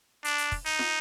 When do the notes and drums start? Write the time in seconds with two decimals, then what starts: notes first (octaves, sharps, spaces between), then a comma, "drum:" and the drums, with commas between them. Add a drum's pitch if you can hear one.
0.24 D4, drum: hi-hat
0.38 drum: hi-hat
0.52 drum: kick, open hi-hat
0.66 D#4, drum: open hi-hat
0.79 drum: snare